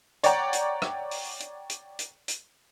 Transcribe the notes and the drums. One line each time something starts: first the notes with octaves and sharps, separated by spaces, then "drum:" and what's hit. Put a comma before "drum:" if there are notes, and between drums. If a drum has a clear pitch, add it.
C#5 D5 F#5 G5 A#5, drum: hi-hat
drum: hi-hat
drum: rim click
drum: open hi-hat
drum: hi-hat
drum: hi-hat
drum: hi-hat
drum: hi-hat